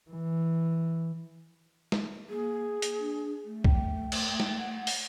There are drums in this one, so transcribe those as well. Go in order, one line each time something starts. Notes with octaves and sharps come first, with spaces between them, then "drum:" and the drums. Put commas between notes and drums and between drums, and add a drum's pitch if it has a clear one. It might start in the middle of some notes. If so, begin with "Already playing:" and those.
E3
drum: snare G#3
A#3 G#4
drum: hi-hat
D4
A3
G5, drum: kick C2
drum: cymbal
drum: snare G#3
F#5
drum: open hi-hat